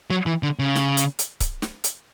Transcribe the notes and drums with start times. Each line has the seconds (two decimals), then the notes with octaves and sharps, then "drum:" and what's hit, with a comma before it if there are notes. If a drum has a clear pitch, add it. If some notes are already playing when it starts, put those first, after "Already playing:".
0.10 F#3
0.26 E3
0.43 D3
0.59 C#3
0.75 drum: snare
0.97 drum: hi-hat
1.19 drum: hi-hat
1.40 drum: kick C#1, hi-hat
1.62 drum: snare
1.84 drum: hi-hat